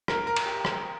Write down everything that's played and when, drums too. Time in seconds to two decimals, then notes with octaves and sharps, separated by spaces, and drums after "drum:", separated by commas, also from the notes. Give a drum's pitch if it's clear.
0.08 A#4, drum: rim click
0.27 A#4
0.36 drum: cymbal
0.46 G4
0.65 drum: rim click